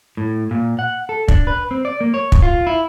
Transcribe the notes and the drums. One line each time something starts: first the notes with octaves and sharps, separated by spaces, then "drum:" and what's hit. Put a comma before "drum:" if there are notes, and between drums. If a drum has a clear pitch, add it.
A2
A#2
F#5
A4
D4, drum: kick
B4
C4
D5
A#3
C#5
drum: kick
F4
E4